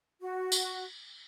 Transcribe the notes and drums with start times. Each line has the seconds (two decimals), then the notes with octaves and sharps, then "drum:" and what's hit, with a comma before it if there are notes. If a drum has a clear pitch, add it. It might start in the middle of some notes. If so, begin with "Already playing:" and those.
0.21 F#4
0.52 drum: tambourine